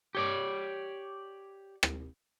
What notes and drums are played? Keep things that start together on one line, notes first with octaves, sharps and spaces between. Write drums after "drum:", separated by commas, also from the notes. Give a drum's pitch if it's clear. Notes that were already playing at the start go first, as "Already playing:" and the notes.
G4 C#5 D5
drum: rim click